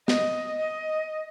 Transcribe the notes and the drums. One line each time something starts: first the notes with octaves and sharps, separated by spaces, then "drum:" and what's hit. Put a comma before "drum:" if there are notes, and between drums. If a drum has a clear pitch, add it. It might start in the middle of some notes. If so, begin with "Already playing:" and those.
D#5, drum: snare
D#5